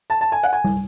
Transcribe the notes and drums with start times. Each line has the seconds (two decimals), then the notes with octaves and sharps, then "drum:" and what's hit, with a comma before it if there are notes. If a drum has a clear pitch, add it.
0.10 A5
0.21 A5
0.32 G#5
0.43 F#5
0.53 G#5
0.64 drum: tom G3